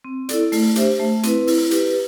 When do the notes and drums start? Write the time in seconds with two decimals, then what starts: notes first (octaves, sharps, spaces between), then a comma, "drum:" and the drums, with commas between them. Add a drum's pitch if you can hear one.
0.04 C4
0.29 E4 A4 D5, drum: hi-hat
0.52 A3, drum: open hi-hat
0.76 D4 G4 C5 E5, drum: hi-hat
1.00 A3
1.23 C4 E4 B4, drum: hi-hat
1.47 E4, drum: open hi-hat
1.71 G4 B4, drum: hi-hat